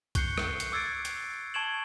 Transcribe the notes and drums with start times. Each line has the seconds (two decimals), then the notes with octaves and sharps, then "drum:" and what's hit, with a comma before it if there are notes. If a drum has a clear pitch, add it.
0.15 C#6 F#6 G6 C7 C#7, drum: kick C2, hi-hat
0.38 drum: rim click
0.60 drum: hi-hat
0.72 D6 E6 G#6 A6 C7 D7
1.05 drum: hi-hat
1.54 A5 C#6 G#6 D7 E7 F#7